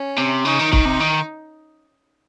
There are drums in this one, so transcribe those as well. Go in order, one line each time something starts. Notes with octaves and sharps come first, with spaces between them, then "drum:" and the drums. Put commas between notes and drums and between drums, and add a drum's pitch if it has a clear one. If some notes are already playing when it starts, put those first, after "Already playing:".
Already playing: C#4
C3
C#3 D#4
D#3
D#3, drum: kick
C3
D#3